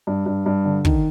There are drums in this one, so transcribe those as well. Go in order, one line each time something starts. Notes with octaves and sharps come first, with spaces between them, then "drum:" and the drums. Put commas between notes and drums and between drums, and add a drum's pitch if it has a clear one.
G2
G2
G2
D3
D#3, drum: kick